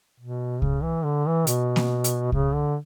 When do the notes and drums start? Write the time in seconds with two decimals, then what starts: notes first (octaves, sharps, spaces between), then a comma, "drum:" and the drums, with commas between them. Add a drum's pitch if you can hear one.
0.20 B2
0.62 C#3, drum: kick C2
0.83 E3
1.04 D3
1.27 E3
1.47 B2, drum: hi-hat
1.76 drum: snare A#3
2.04 drum: hi-hat
2.32 C#3, drum: kick C2
2.54 D3